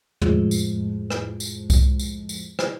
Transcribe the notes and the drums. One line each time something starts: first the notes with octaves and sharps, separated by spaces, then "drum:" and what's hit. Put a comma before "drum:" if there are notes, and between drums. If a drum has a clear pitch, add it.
F2 A2 F3 G#3, drum: tom
drum: tambourine
drum: rim click
drum: tambourine
drum: kick C2, tambourine
drum: tambourine
drum: tambourine
drum: rim click